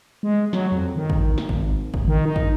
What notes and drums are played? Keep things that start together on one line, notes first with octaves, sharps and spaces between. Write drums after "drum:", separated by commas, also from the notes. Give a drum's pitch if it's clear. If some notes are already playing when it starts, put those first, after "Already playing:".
G#3
F#3, drum: snare
F2
D#3
drum: kick
drum: snare
G#1, drum: kick
F1, drum: kick
D#3
D#4
drum: kick